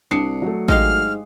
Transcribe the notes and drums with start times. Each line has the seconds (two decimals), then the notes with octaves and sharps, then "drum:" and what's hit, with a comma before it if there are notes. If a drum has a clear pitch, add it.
0.11 C2 D4 D#6 C7 C#7
0.42 F#3 A3
0.68 G#2 G#3 G4 F5 F6, drum: kick A1